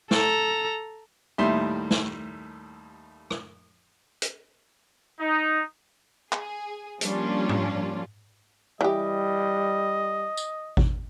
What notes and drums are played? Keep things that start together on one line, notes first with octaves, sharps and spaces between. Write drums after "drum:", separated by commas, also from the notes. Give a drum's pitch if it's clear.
A4 A#5, drum: snare
D#2 A2 D#3 G3 E5 C6
drum: snare
drum: rim click
drum: hi-hat
D#4
G#4, drum: clap
F3 G3 A#3 C#4 D4 F4, drum: hi-hat
drum: tom G#2
E3 G3 G4 D#5
drum: tambourine
drum: kick G#1